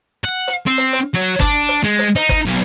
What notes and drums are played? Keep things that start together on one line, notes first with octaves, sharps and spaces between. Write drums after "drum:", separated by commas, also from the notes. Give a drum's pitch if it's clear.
F#5
drum: hi-hat
C4
drum: hi-hat
drum: hi-hat
F#3
D4, drum: kick, hi-hat
drum: hi-hat
G#3
drum: hi-hat
D#4, drum: hi-hat
drum: kick, hi-hat
B1